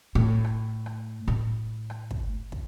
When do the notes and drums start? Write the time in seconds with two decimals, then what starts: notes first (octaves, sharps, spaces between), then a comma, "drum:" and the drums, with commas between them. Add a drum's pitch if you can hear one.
0.15 A2
0.44 drum: rim click
0.86 drum: rim click
1.27 A2
1.90 drum: rim click
2.11 drum: kick
2.52 drum: kick